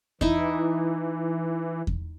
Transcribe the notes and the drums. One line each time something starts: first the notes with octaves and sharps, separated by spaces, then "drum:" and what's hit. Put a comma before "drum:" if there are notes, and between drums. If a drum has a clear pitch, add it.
E3 D#4 E4, drum: kick E2
drum: kick E2